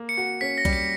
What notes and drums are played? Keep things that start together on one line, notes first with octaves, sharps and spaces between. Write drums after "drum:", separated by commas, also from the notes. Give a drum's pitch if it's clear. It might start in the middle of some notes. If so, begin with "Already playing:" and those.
Already playing: A#3
C#7
F#4
C#4 B6
A#6
G3, drum: kick B1, cymbal
C#7